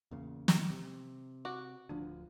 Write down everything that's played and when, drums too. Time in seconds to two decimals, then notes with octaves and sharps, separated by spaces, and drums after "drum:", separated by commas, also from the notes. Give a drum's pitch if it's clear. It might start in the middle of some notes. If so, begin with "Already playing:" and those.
0.11 E2 A#2 C#3
0.48 drum: snare
0.70 C3
1.45 F#4 D6
1.89 D1 D2 F3 D4